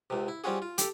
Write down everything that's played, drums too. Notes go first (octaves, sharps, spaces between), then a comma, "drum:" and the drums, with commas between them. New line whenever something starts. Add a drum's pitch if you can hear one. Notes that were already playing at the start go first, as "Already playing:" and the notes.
C#2 C3
E4
G3 C4 C#4 F4 F#4 G#4
F4
G4 A4, drum: hi-hat